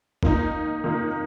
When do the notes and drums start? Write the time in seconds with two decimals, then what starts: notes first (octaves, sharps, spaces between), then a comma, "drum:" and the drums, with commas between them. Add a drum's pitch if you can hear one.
0.23 D#3 A#3 D#4, drum: kick G1
0.84 D#3 A#3 D#4